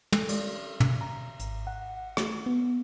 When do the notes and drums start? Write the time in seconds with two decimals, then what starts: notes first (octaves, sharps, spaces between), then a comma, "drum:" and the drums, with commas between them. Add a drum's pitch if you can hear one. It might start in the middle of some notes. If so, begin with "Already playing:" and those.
0.12 A4, drum: tom
0.29 drum: cymbal
0.80 drum: tom
1.01 A#5
1.40 G#1, drum: hi-hat
1.67 F#5
2.17 A3, drum: rim click
2.46 B3